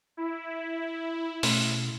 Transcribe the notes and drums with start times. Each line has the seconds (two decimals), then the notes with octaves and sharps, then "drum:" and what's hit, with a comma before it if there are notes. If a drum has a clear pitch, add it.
0.17 E4
1.43 B2 A3 C#4 C6, drum: open hi-hat